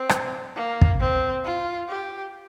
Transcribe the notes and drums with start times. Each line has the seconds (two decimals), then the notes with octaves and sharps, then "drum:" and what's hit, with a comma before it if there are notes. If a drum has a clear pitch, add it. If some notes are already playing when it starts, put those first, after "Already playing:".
Already playing: C4
0.09 drum: rim click
0.56 A#3
0.81 drum: kick
1.00 C4
1.45 F4
1.89 G4